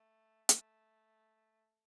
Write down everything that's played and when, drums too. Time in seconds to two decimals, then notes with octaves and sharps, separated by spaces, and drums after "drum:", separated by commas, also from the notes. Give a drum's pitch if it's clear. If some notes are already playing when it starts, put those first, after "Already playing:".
Already playing: A3
0.49 A3, drum: hi-hat